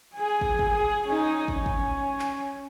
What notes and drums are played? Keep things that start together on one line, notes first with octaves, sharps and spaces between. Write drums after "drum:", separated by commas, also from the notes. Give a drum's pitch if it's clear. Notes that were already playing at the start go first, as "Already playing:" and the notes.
G#4 G#5
drum: kick
drum: kick
G#4
C#4 D#4
C#4, drum: kick
drum: kick
drum: clap